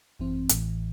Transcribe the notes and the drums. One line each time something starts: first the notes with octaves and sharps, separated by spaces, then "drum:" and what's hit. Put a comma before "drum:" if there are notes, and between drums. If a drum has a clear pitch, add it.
G#1 F#2 E3 C4
A1 A2 E3, drum: hi-hat